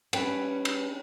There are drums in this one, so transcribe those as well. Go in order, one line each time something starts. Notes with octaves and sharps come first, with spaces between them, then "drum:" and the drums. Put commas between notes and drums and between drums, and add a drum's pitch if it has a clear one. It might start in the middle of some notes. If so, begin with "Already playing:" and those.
G3 C#4 B4 G5, drum: cymbal
drum: cymbal